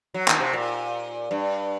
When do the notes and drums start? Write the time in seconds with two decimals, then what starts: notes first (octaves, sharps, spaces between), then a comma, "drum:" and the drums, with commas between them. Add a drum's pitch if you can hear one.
0.14 F#3
0.28 D#3, drum: clap
0.40 C3
0.53 A#2
1.31 G2